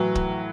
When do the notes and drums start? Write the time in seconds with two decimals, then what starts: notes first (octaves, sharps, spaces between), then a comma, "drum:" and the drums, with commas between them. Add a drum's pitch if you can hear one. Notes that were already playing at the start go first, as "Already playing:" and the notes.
Already playing: A2 E3 F#3
0.15 drum: kick